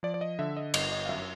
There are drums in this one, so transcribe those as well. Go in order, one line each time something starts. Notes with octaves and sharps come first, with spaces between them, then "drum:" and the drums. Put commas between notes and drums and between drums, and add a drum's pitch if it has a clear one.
F3 D5
D5
D#5
D3 E5
D#5
G1 D#5, drum: cymbal
D#5
F5
F#2 E5